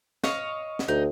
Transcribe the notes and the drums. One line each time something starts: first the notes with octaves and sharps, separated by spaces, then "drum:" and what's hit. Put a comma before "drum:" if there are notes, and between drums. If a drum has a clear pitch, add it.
C#5 D#5 F5, drum: snare
drum: snare
D2 D#4